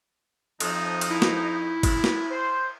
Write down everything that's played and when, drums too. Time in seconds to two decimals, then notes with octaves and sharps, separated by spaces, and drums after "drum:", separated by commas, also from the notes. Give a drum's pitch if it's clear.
0.60 F2 F3 D#4, drum: cymbal
1.01 drum: cymbal
1.11 E4
1.22 drum: snare
1.83 drum: kick, cymbal
2.04 drum: snare
2.31 C5